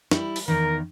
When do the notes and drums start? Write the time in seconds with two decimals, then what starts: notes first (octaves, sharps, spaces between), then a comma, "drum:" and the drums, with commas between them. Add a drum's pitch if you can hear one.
0.11 G3 E4, drum: snare
0.36 drum: open hi-hat
0.48 E2 D#3 A#4